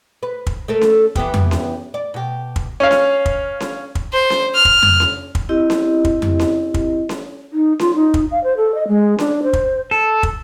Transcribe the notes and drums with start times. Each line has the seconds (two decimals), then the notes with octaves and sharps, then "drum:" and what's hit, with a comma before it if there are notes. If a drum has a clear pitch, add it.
0.23 B4
0.47 drum: kick
0.68 A3 A4 A#4
0.81 drum: snare C#4
1.15 E3 B3 G4, drum: kick
1.34 drum: tom F2
1.51 drum: snare C#4
1.94 D5
2.14 B2 G4
2.56 drum: kick
2.80 C#4 F5
2.91 drum: snare C#4
3.26 drum: kick
3.60 drum: snare C#4
3.95 drum: kick
4.13 C5
4.30 drum: snare C#4
4.55 F6
4.65 drum: kick
4.83 drum: tom F2
5.00 drum: snare C#4
5.35 drum: kick
5.49 C4 E4 G4 D#5
5.70 drum: snare C#4
6.05 drum: kick
6.22 drum: tom F2
6.39 drum: snare C#4
6.74 drum: kick
7.09 drum: snare C#4
7.53 D#4
7.79 F4, drum: snare C#4
7.95 D#4
8.14 drum: kick
8.31 F5
8.44 C5
8.57 A4
8.75 D#5
8.88 G#3
9.19 D4, drum: snare C#4
9.43 C5
9.53 drum: kick
9.91 A4
10.23 drum: kick